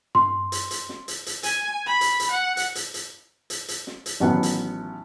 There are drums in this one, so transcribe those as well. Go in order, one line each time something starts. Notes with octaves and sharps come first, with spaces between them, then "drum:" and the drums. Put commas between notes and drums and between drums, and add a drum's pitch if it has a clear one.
C6, drum: tom G2
drum: hi-hat
drum: hi-hat
drum: snare
drum: hi-hat
drum: hi-hat
G#5, drum: hi-hat
B5
drum: hi-hat
drum: hi-hat
F#5
drum: hi-hat
drum: hi-hat
drum: hi-hat
drum: hi-hat
drum: hi-hat
drum: snare
drum: hi-hat
A1 D#3 F#3 B3 F#5
drum: hi-hat